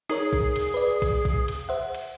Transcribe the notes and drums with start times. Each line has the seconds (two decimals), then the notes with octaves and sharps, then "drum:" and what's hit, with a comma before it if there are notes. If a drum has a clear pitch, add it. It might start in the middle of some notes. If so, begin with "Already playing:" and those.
0.10 D#4 G#4 A#4 C#5, drum: cymbal
0.33 drum: kick A#1
0.56 drum: cymbal
0.74 B4 D5
1.02 drum: kick A#1, cymbal
1.25 drum: kick A#1
1.48 drum: cymbal
1.69 C5 E5 F#5
1.95 drum: cymbal